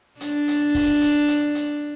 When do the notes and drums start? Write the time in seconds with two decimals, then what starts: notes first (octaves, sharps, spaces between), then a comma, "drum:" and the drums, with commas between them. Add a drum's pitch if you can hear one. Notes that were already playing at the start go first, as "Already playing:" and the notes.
0.21 D4, drum: hi-hat
0.48 drum: hi-hat
0.75 drum: kick, open hi-hat
1.01 drum: hi-hat
1.28 drum: hi-hat
1.55 drum: hi-hat